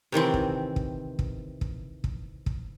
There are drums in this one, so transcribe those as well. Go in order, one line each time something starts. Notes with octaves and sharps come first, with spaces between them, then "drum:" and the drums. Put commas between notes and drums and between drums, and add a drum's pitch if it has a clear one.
C3 D#3 E3 C4
drum: kick
drum: kick
drum: kick
drum: kick
drum: kick
drum: kick